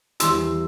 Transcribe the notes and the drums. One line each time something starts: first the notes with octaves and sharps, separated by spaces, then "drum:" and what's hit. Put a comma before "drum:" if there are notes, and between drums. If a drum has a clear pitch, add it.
E2 E3 G3 C6 E6, drum: hi-hat